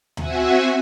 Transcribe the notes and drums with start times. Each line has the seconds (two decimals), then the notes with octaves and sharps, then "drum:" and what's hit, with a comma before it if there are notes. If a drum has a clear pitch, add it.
0.17 C4 F#4 E5 F#5 G#5, drum: tom D2